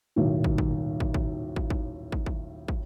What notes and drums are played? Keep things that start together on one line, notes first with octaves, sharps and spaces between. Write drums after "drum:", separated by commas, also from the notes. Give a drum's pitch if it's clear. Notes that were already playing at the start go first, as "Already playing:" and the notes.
D#1 B1 A2 D#3
drum: kick
drum: kick
drum: kick
drum: kick
drum: kick
drum: kick
drum: kick
drum: kick
drum: kick